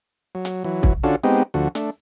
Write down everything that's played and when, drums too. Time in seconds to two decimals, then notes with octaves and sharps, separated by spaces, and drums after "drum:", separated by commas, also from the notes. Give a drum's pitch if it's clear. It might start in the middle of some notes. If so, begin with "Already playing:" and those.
0.35 F#3
0.45 drum: hi-hat
0.64 E3 F#3
0.83 drum: kick
1.04 D3 C#4 D4 F4 F#4 A4
1.24 G#3 B3 C4 D#4 G4
1.54 D2 D3 F3 F#4
1.75 A3 D4, drum: hi-hat